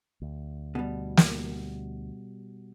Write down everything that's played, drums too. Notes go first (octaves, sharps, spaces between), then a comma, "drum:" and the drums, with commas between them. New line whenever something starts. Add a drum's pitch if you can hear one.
D2
B2 G3
drum: snare